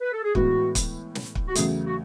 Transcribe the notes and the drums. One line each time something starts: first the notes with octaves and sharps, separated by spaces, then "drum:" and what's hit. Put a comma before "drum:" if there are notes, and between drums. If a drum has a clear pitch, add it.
B4
A4
G#4
A2 E3 G#3 B3 F#4, drum: kick
drum: kick, hi-hat
drum: snare
drum: kick
F#4
E2 C#3 F#3 A3 G#4, drum: hi-hat
F#4